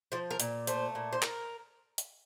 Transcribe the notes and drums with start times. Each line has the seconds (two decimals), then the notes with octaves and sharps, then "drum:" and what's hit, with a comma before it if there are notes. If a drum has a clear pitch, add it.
0.12 F3 C5
0.31 A#4
0.40 A#2, drum: hi-hat
0.67 A3 C5, drum: hi-hat
0.95 A#2
1.13 C5
1.22 A#4, drum: clap
1.98 drum: hi-hat